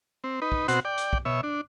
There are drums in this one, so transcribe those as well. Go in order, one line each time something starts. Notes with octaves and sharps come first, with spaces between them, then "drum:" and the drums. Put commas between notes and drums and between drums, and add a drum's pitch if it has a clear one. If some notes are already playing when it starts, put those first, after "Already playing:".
C4
D#4 B4
drum: kick
B2 C4 F#4 C5 F#5, drum: hi-hat
D5 G5
drum: hi-hat
drum: kick
B2 C#5 E5
D4